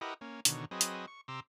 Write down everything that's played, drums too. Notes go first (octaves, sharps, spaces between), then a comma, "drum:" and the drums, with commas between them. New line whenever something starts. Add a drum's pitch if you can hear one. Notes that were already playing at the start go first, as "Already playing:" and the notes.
E4 G4 A#4 B4 D#5 F#5
A#3 C#4
B2 D3 D#3 C#5, drum: hi-hat
F#3 C4 G#4 B4 D#5
drum: hi-hat
C#6
C3 A#5 C6 D6 E6